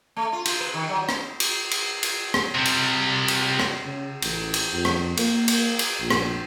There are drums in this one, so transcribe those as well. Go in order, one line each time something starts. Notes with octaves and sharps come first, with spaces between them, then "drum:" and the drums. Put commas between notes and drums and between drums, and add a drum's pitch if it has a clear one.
A3
F4
F4, drum: cymbal
B4
D#3
F#3
drum: rim click
drum: cymbal
drum: cymbal
drum: cymbal
drum: rim click
C3 G3
drum: cymbal
drum: cymbal
drum: rim click
C#3
A1, drum: cymbal
drum: cymbal
F2
drum: rim click
A#3, drum: cymbal
drum: cymbal
drum: cymbal
A#1
drum: rim click